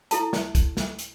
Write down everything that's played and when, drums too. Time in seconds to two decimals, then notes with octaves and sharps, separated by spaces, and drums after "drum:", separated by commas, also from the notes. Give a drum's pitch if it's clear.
0.11 E4 A4 A5, drum: hi-hat
0.33 drum: snare
0.55 drum: kick, hi-hat
0.77 drum: snare
0.99 drum: hi-hat